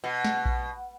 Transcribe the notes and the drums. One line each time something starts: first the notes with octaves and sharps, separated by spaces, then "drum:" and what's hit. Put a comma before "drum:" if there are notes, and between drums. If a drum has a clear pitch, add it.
B2
drum: snare
drum: kick A#1